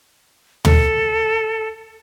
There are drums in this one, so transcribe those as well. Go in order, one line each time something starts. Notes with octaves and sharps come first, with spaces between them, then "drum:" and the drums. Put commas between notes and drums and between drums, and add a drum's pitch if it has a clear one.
A4, drum: tom